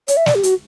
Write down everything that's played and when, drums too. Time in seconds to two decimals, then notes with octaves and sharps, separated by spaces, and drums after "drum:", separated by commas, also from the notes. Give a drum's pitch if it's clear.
0.08 C#5, drum: hi-hat
0.17 E5
0.26 D5, drum: snare
0.35 G4
0.43 F#4, drum: hi-hat